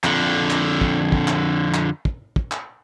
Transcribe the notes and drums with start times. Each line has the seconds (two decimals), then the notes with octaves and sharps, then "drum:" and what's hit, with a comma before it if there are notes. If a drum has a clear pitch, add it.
0.04 F2 D3, drum: clap
0.50 drum: clap
0.81 drum: kick
1.12 drum: kick
1.28 drum: clap
1.74 drum: clap
2.05 drum: kick
2.36 drum: kick
2.52 drum: clap